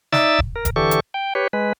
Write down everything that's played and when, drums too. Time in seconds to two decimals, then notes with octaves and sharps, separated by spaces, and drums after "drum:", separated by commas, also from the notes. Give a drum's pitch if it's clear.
0.13 D#4 D5 E5 E6 A6, drum: snare
0.39 drum: kick E1
0.56 A#4
0.65 drum: kick E1, hi-hat
0.76 D3 E3 G4 A4 C#6
0.91 drum: hi-hat
1.14 G5
1.35 G4 B4 C#5
1.53 G#3 B4